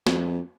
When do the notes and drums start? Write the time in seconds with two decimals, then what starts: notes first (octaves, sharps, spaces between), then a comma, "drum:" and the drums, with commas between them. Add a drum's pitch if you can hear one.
0.07 F2, drum: snare